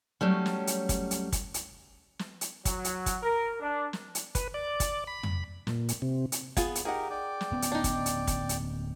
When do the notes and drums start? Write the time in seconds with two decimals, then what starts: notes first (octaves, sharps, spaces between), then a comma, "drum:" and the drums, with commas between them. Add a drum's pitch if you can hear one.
0.21 F#3 G3 A3 C#4
0.46 drum: snare
0.67 drum: hi-hat
0.89 drum: kick, hi-hat
1.11 drum: hi-hat
1.32 drum: kick, hi-hat
1.54 drum: hi-hat
2.19 drum: snare
2.41 drum: hi-hat
2.65 F#3, drum: kick, hi-hat
2.85 drum: hi-hat
3.06 drum: kick, hi-hat
3.22 A#4
3.59 D4
3.93 drum: snare
4.15 drum: hi-hat
4.35 B4, drum: kick, hi-hat
4.54 D5
4.80 drum: kick, hi-hat
5.07 B5
5.23 drum: tom
5.67 A#2, drum: snare
5.89 drum: hi-hat
6.02 C3
6.32 drum: hi-hat
6.57 B3 F4 G#4, drum: kick, hi-hat
6.75 drum: hi-hat
6.85 D#4 G4 G#4 A#4 F#5
7.10 D5 G5 D6
7.41 drum: snare
7.51 D1 B3 C#4
7.62 drum: hi-hat
7.72 D4 D#4
7.84 drum: kick, hi-hat
8.06 drum: hi-hat
8.27 drum: kick, hi-hat
8.49 drum: hi-hat